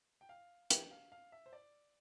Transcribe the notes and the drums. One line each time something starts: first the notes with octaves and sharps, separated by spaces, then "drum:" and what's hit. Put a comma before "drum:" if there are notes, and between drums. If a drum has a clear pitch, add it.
G5
F5
C3 E3 A#3 E4 A#4 G5, drum: hi-hat
F5
F5
E5
C5
D5